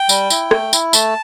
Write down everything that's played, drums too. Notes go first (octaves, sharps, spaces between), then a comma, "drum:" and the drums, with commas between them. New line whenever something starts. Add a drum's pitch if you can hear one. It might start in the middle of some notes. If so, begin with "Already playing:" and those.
Already playing: G5
G3, drum: tambourine
E4, drum: tambourine
A3, drum: rim click
E4, drum: tambourine
A3 A5, drum: tambourine